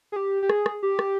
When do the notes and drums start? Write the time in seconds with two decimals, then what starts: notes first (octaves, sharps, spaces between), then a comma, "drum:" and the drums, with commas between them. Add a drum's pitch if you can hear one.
0.12 G#4
0.16 G4
0.43 G4
0.50 G#4, drum: rim click
0.66 drum: rim click
0.83 G4
0.99 drum: rim click